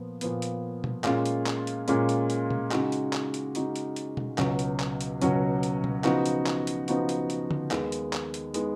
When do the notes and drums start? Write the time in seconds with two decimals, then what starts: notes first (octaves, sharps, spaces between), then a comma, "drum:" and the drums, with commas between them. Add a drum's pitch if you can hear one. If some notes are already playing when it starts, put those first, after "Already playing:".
Already playing: A#2 F3 B3
0.21 A#2 F3 B3, drum: hi-hat
0.42 drum: hi-hat
0.84 drum: tom B2
1.04 A#2 G#3 C#4 F4, drum: clap
1.26 drum: hi-hat
1.46 drum: clap
1.67 drum: hi-hat
1.88 A#2 G#3 C#4 F4, drum: hi-hat
2.09 drum: hi-hat
2.30 drum: hi-hat
2.51 drum: tom B2
2.71 C#3 G#3 D#4 F#4, drum: clap
2.92 drum: hi-hat
3.13 drum: clap
3.34 drum: hi-hat
3.55 C#3 G#3 D#4 F#4, drum: hi-hat
3.76 drum: hi-hat
3.96 drum: hi-hat
4.17 drum: tom B2
4.38 C#2 B2 F#3 C#4 F#4, drum: clap
4.59 drum: hi-hat
4.80 drum: clap
5.01 drum: hi-hat
5.22 C#2 B2 F#3 C#4 F#4, drum: hi-hat
5.63 drum: hi-hat
5.84 drum: tom B2
6.04 C#3 F3 B3 D#4 F#4, drum: clap
6.26 drum: hi-hat
6.46 drum: clap
6.67 drum: hi-hat
6.88 C#3 F3 B3 D#4 F#4, drum: hi-hat
7.09 drum: hi-hat
7.30 drum: hi-hat
7.51 drum: tom D3
7.71 D#2 D#3 G#3 B3, drum: clap
7.92 drum: hi-hat
8.13 drum: clap
8.34 drum: hi-hat
8.54 D#3 G#3 B3, drum: hi-hat